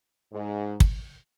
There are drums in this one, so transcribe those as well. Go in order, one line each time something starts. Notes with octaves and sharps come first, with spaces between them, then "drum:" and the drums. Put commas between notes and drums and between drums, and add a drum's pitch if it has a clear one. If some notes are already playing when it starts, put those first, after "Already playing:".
G#2
drum: kick